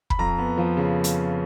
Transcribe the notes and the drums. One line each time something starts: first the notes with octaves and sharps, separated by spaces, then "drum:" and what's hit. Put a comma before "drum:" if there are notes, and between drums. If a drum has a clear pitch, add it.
B5, drum: kick
F2 A#5
B3
F3
C#3
drum: hi-hat